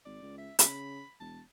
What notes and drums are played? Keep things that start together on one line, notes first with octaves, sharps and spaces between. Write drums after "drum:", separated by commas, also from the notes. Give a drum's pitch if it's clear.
G#1 D5
C#2
E5
C#3 B5, drum: hi-hat
E1 A5